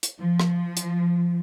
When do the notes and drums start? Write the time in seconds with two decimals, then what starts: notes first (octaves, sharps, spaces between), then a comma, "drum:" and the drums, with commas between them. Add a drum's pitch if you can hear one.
0.03 drum: hi-hat
0.19 F3
0.40 drum: rim click
0.77 drum: hi-hat